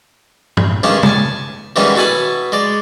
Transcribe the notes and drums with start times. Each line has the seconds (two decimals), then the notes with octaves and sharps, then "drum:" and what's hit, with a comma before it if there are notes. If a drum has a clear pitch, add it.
0.57 drum: tom G2
0.83 G2 D#3 G#3 C#4 D4
1.03 G#5 A5, drum: tom
1.76 D#3 E3 G3 G#3 B3 C#4
1.95 B2 B3 A4 G#5 B5
2.52 G#3 D5